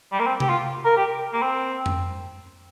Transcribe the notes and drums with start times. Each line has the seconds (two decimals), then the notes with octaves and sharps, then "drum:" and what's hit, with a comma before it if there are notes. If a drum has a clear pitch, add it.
0.12 G3
0.19 A#3
0.26 C4
0.40 G4, drum: tom C3
0.49 F4
0.85 A#4
0.97 G4
1.33 A#3
1.42 C4
1.86 drum: tom F2